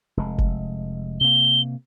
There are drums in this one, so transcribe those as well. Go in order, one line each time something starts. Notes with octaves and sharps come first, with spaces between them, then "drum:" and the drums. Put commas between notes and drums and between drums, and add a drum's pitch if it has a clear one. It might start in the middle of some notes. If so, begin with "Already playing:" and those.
F1 G#3
drum: kick F#1
C3 A#3 G7